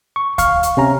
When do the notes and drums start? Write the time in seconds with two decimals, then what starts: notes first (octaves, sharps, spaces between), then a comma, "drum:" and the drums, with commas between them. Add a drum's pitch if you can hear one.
0.16 C#6
0.38 F5 C#6 F6, drum: kick D2, hi-hat
0.63 drum: hi-hat
0.77 C3 C#4 A#5